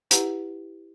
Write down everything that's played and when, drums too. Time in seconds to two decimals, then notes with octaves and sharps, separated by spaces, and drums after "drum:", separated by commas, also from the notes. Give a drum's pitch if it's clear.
0.11 E4 G4 B4 F#5 A#5, drum: hi-hat